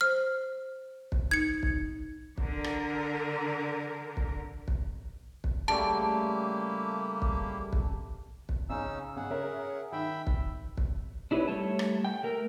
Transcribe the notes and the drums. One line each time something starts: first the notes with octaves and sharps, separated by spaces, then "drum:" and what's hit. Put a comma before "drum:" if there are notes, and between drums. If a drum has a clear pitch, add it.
C5 F6
drum: kick
D#4 G#6 C#7
drum: kick
D3 A#4, drum: kick
drum: rim click
drum: kick
drum: kick
drum: kick
C#3 G3 A3 A#3 E4 G4 A5, drum: rim click
drum: kick
drum: kick
drum: kick
C#3 C#4 D#4 E6
C#3 G#4 F#5
C#4 A#4 E5
D#3 E5 G5 B5
drum: kick
drum: kick
D4 E4 G4 A4 B4 C#5
G3 A3 C#5 A5
drum: rim click
G5
A3 A#4